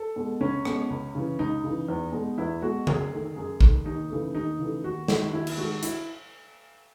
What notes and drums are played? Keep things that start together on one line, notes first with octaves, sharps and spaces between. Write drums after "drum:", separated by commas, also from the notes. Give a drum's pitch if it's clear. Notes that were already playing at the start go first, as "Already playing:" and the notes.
Already playing: A4
B2 G#3
C#2 C#4
B2 G#3, drum: rim click
C#2
C#3 E3
C#2 D#4
C#3 E3
E2
B2 G#3
E2 E4
B2 G#3 F#4
F#2 G#4, drum: tom C#3
D#3 A3
F#2 G#4
D#3 A3, drum: kick G#1
D#2 D#4
C#3 E3 A3
D#2 D#4
C#3 E3 A3
D#2 F#4
D#3 G#3, drum: snare
D#2 E4
drum: cymbal
D#3 G#3 F#4
E4, drum: hi-hat